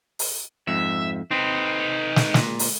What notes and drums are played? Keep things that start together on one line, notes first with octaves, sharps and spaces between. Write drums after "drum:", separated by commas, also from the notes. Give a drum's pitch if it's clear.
drum: open hi-hat
F2 G#2 E5
C4 D#4 B4
drum: snare
A#2, drum: snare
drum: open hi-hat